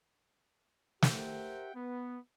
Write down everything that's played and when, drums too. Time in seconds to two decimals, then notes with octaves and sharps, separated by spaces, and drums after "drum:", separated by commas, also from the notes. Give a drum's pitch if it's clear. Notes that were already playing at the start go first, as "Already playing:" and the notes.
1.02 G4 A#4 C5 E5 F#5 G5, drum: snare
1.75 B3